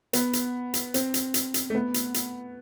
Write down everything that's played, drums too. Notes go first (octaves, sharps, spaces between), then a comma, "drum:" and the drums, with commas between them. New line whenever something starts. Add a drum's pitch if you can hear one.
B3, drum: hi-hat
drum: hi-hat
drum: hi-hat
C4, drum: hi-hat
drum: hi-hat
drum: hi-hat
drum: hi-hat
A3
B3
drum: hi-hat
drum: hi-hat